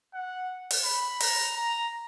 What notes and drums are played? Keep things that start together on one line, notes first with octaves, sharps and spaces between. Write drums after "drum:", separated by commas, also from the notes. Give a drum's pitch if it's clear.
F#5
drum: open hi-hat
B5
A#5, drum: open hi-hat
A#5